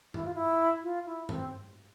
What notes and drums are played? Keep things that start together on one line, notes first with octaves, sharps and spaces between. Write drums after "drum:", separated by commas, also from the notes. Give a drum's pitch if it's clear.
E4, drum: tom G2
F4
E4
F4
E4
C4, drum: tom G2